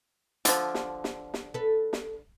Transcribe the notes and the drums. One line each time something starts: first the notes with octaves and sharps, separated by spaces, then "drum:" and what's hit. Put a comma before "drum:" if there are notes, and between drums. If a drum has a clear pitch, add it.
D3 F3, drum: hi-hat
drum: snare
drum: snare
drum: snare
A4 B4
drum: snare